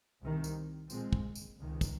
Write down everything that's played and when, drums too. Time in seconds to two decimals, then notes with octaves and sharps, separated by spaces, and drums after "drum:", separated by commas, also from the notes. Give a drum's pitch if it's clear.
0.21 C2 C3 D#3
0.44 drum: tambourine
0.90 A#2 F3 G#3 C4, drum: tambourine
1.13 drum: kick
1.35 drum: tambourine
1.59 C#2 C3 D#3 G#3
1.81 drum: kick, tambourine